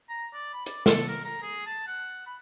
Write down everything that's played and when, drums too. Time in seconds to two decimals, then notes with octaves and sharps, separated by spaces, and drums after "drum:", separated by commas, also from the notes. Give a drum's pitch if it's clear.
0.10 A#5
0.34 D5
0.54 B5
0.66 D5, drum: hi-hat
0.86 A4, drum: snare
1.08 A#4
1.25 A#5
1.43 G#4
1.66 A5
1.87 F#5
2.27 B5